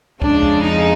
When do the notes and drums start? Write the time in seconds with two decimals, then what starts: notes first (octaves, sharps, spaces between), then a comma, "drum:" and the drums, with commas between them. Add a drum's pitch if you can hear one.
0.22 F2 C#3 F3 G#3 D4, drum: kick
0.43 drum: kick
0.64 D#4